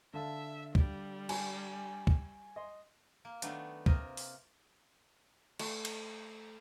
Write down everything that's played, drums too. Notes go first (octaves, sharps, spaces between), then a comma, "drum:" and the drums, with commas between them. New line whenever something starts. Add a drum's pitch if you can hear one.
D3 E5 F5 A5
G3, drum: kick C#2
G#5, drum: cymbal
drum: kick C#2
D#5 C6
A#3
D#3 F#3 A3 B3 D4, drum: hi-hat
C3 A#3 F4 D#5, drum: kick C#2
drum: open hi-hat
A3, drum: cymbal
drum: cymbal